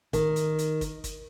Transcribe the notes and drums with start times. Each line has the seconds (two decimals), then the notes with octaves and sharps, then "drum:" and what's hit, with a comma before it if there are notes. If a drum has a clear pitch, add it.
0.13 D#3, drum: kick, hi-hat
0.36 drum: hi-hat
0.58 drum: hi-hat
0.81 drum: kick, hi-hat
1.04 drum: kick, hi-hat